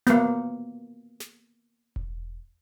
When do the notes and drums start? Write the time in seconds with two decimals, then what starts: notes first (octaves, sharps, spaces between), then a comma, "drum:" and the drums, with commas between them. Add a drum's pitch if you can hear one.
0.07 A#3 B3, drum: snare
1.20 drum: snare
1.96 drum: kick E1